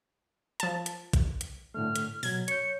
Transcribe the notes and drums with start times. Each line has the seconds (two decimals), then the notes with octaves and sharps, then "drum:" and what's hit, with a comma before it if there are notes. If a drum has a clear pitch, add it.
0.60 F3 A5, drum: hi-hat
0.86 drum: hi-hat
1.13 drum: kick A1, hi-hat
1.41 drum: hi-hat
1.74 A2 D3 A3 F6
1.96 drum: hi-hat
2.23 B2 F#3 G#6, drum: open hi-hat
2.48 C#5 G6 C#7, drum: hi-hat